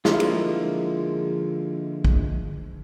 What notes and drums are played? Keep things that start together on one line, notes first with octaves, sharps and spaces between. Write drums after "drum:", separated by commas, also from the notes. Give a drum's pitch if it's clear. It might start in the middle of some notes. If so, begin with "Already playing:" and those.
D3 F3 G#3 A#3 E4 F4, drum: snare
drum: cymbal
drum: kick